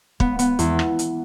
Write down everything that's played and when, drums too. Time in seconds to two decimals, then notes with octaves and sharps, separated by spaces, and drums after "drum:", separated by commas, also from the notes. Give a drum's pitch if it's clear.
0.20 B3, drum: kick
0.39 B3, drum: hi-hat
0.59 E2, drum: hi-hat
0.79 drum: rim click
0.99 drum: hi-hat